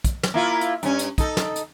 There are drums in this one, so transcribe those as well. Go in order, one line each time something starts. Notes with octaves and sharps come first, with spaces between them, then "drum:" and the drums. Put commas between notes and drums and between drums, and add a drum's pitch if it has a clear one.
drum: kick, hi-hat
drum: snare
A#3 E4 F4
drum: hi-hat
G2 C#4, drum: hi-hat
drum: hi-hat
D#4 A4, drum: kick, hi-hat
drum: snare
drum: hi-hat